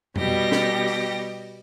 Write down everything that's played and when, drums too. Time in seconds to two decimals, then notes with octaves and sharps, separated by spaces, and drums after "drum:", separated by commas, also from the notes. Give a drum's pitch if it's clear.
0.16 B2 G3 G4 A#6, drum: tom F2
0.52 drum: snare
0.87 drum: open hi-hat